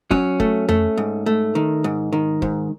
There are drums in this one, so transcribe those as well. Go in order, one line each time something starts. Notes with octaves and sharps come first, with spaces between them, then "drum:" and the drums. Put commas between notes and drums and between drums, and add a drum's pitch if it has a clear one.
F#3 C#4, drum: kick
A3, drum: kick
A3, drum: tom F2
G#2
A3
D#3
G#2
D#3
G#2, drum: kick